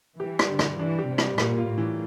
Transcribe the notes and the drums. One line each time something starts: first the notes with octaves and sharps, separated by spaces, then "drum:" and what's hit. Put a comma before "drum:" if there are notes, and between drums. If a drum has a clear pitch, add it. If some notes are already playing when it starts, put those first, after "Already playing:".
E3 G4
G3, drum: rim click
D3
G3, drum: rim click
E3 D4
G4
C3
G3, drum: rim click
A#2 A#3, drum: rim click
F4
A2
E3